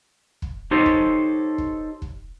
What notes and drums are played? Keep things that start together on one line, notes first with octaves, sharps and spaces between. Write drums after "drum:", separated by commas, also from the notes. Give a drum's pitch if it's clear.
drum: kick
D#4 G4 A4 C5 C#5
drum: kick
drum: kick
drum: kick